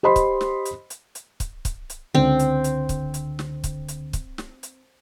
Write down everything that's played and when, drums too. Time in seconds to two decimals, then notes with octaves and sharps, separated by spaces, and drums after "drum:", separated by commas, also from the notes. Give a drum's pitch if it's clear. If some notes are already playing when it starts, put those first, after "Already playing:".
0.03 G4 C5 D#5 B5 C6
0.16 drum: kick, hi-hat
0.41 drum: snare
0.65 drum: hi-hat
0.90 drum: hi-hat
1.15 drum: hi-hat
1.40 drum: kick, hi-hat
1.65 drum: kick, hi-hat
1.90 drum: hi-hat
2.15 C#2 D3 C4
2.39 drum: hi-hat
2.64 drum: hi-hat
2.89 drum: kick, hi-hat
3.14 drum: hi-hat
3.39 drum: snare
3.64 drum: kick, hi-hat
3.88 drum: hi-hat
4.13 drum: kick, hi-hat
4.38 drum: snare
4.63 drum: hi-hat